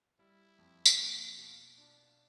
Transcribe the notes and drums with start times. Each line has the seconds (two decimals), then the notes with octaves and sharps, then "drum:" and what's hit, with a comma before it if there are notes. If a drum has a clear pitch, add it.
0.19 G3 E4
0.58 F2
0.86 drum: tambourine
0.98 A#3 F4
1.38 B2
1.78 D4 F4